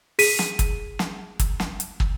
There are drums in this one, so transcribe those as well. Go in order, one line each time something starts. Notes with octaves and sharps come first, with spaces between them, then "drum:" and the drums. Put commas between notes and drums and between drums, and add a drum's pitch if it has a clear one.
G#4 B6 D#7, drum: open hi-hat
drum: snare
drum: kick, hi-hat
drum: snare
drum: kick, hi-hat
drum: snare
drum: hi-hat
drum: kick